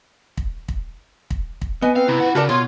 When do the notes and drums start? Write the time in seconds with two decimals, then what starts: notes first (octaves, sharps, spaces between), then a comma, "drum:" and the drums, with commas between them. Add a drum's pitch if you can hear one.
0.37 drum: kick
0.68 drum: kick
1.31 drum: kick
1.62 drum: kick
1.82 B3 D#5 G#5
1.96 C4 B4 F5
2.08 C3 E4
2.20 F4 F#5
2.35 C#3 F#4 A4 A#4 D5 A5
2.49 B2 F4 C#5 C6